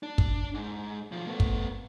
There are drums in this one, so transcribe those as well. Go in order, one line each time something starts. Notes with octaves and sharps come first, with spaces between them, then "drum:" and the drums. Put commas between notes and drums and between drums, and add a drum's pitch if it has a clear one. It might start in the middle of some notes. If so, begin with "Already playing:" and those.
D4
drum: kick
G#2
B1 F3
A3 B3
drum: kick